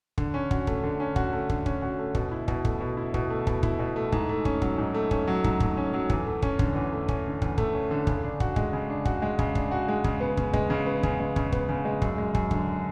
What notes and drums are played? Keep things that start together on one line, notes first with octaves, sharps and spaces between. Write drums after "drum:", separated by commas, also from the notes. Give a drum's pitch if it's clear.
D3, drum: kick
C#4
F#4, drum: kick
A3, drum: kick
D3
C#4
F#4, drum: kick
A3
D3, drum: kick
C#4, drum: kick
F#4
A3
B2, drum: kick
E4
B2, drum: kick
A3, drum: kick
B2
E4
B2, drum: kick
A3
B2, drum: kick
E4, drum: kick
B2
A3
G#2, drum: kick
A3
C#4, drum: kick
F#3, drum: kick
G#2
A3
C#4, drum: kick
F#3
G#2, drum: kick
A3, drum: kick
C#4
F#3
E2, drum: kick
A3
C#4, drum: kick
D3, drum: kick
E2
A3
C#4, drum: kick
D3
E2, drum: kick
A3, drum: kick
C#4
D3
C#3, drum: kick
D4
F#4, drum: kick
G#3, drum: kick
C#3
D4
F#4, drum: kick
G#3
C#3, drum: kick
D4, drum: kick
F#4
G#3
C#3, drum: kick
B3
C#3, drum: kick
G#3, drum: kick
C#3
B3
C#3, drum: kick
G#3
C#3, drum: kick
B3, drum: kick
C#3
G#3
F#2, drum: kick
G#3
F#2, drum: kick
D3, drum: kick